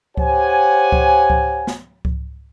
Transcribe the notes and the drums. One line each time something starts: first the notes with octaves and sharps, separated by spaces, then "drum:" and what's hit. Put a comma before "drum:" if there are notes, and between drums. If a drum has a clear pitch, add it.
G4 C5 C#5 F#5 G#5, drum: kick C#2
drum: kick C#2
drum: kick C#2
drum: snare
drum: kick C#2